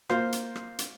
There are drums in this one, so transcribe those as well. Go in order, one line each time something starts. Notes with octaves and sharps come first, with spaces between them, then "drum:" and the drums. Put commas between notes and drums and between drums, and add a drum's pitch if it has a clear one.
A#3 F4 C5 F5, drum: rim click
drum: hi-hat
drum: rim click
drum: hi-hat